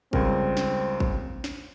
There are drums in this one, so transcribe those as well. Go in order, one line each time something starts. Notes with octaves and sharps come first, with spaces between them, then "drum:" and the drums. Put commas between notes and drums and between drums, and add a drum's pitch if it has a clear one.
C#2 G3 C4 A#4, drum: kick
drum: snare
drum: kick
drum: snare